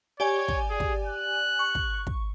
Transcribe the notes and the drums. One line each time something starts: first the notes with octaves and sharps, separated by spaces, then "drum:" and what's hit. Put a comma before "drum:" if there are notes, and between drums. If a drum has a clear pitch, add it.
G4 C#5 D5 G#5
drum: kick
G#4
drum: kick
F#6
C#6
drum: kick
drum: kick